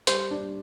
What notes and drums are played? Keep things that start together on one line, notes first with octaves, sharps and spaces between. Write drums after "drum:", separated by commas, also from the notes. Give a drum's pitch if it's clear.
G3 C5, drum: hi-hat
D4